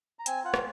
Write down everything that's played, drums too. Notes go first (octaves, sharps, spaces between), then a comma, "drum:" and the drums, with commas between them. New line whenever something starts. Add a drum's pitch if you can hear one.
A#5
C4 G#5, drum: hi-hat
F4 F#5
drum: rim click